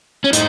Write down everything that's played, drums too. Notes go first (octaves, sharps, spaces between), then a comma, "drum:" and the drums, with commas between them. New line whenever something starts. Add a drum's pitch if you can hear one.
C#4
A2 D#4, drum: hi-hat